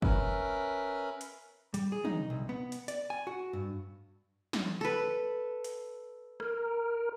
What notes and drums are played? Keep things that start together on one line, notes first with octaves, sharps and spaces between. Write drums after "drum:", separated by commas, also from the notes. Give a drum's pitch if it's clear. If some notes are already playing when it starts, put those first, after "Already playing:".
C#4 A#4 B4 E5 B5, drum: kick
drum: hi-hat
G3, drum: hi-hat
G#4
D#4, drum: tom
C2
B3
drum: hi-hat
D5, drum: hi-hat
G#5
F#4
G2
drum: snare
A4 B4
drum: hi-hat
A#4, drum: rim click